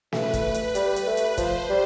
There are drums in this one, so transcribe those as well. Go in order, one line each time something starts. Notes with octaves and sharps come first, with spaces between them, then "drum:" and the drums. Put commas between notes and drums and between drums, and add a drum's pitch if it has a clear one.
A3 B4, drum: snare
drum: kick, hi-hat
drum: hi-hat
G3, drum: hi-hat
drum: hi-hat
A3
drum: hi-hat
F3 C5, drum: kick, hi-hat
G3